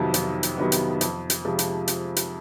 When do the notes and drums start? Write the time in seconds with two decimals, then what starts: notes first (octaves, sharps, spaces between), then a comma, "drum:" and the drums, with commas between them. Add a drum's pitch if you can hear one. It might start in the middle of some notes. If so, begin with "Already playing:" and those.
Already playing: F2 C3 D#3 F#3 B3
0.14 F2, drum: hi-hat
0.43 drum: hi-hat
0.58 C3 D#3 F#3 B3
0.72 drum: hi-hat
1.01 F2, drum: hi-hat
1.30 drum: hi-hat
1.45 C3 F3 G#3
1.59 drum: hi-hat
1.88 drum: hi-hat
2.16 drum: hi-hat